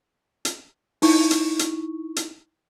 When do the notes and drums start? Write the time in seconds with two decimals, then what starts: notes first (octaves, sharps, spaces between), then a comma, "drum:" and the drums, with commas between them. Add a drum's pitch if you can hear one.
0.45 drum: hi-hat
1.02 D#4 E4 C#6, drum: open hi-hat
1.31 drum: hi-hat
1.59 drum: hi-hat
2.16 drum: hi-hat